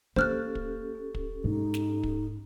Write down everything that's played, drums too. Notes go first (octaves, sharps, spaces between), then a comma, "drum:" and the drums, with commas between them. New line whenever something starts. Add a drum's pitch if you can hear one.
A#3 C#4 G4 A4 C5 F6 F#6
drum: kick
drum: kick
G#2 D#4
drum: snare
drum: kick